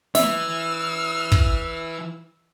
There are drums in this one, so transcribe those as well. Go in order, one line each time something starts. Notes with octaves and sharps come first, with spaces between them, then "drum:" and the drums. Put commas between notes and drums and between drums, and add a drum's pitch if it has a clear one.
E3 E5 E6 F6, drum: snare
drum: kick